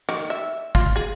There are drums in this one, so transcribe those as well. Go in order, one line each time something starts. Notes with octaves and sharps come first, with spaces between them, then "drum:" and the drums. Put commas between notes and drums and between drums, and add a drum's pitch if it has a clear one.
D#3, drum: rim click
E5
F4, drum: kick
G#4